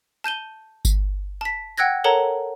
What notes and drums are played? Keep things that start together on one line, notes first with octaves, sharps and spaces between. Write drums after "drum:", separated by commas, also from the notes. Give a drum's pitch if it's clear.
A5 G6 D#7 G7
drum: kick G1, tambourine
A5 B6
F#5 G5 E6 F#6 G#6 A#6
A4 A#4 C#5 F#5 A5 A#5